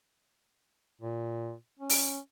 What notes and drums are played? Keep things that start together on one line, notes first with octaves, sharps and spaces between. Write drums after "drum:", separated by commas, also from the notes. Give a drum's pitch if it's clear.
A#2
C#4
drum: open hi-hat